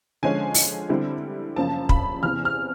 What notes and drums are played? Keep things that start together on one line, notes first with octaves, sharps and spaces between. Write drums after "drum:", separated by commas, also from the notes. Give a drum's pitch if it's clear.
D3 F3 G#3 C#4 G#5
drum: open hi-hat
D3 G3 C4 E4
F#2 C#3 F3 A#3 A5
B5, drum: kick
E2 C3 E3 F6
F6